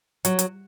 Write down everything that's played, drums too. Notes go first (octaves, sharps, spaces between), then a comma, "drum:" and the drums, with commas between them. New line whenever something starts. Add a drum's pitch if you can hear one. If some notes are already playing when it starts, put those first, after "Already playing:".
F#3, drum: hi-hat
drum: hi-hat